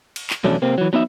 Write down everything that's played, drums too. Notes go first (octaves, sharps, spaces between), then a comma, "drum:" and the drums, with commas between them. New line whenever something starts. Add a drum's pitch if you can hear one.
drum: cymbal
drum: clap
E2 B2 F#3 A3 C#4 D4, drum: tom
C3 A#3 C4
E3 F#3
F#3 B3 D#4 E5